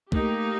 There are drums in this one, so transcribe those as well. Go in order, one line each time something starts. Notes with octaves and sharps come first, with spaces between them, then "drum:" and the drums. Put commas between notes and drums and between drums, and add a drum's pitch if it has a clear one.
A3 A#3 D#4 G4, drum: kick